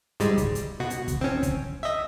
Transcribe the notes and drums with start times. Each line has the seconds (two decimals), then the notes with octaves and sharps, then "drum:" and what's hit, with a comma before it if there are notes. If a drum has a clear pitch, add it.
0.20 G#2 G3 G#3, drum: hi-hat
0.37 drum: kick, hi-hat
0.55 drum: hi-hat
0.80 B2 F#4
0.90 drum: hi-hat
1.08 drum: kick, hi-hat
1.21 C4 C#4
1.43 drum: kick, hi-hat
1.83 D#5 E5